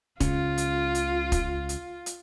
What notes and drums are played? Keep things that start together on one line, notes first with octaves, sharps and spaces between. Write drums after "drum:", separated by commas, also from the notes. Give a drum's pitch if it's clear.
C#2 C#3 C#4 F4, drum: kick, hi-hat
drum: hi-hat
drum: hi-hat
drum: kick, hi-hat
drum: hi-hat
drum: hi-hat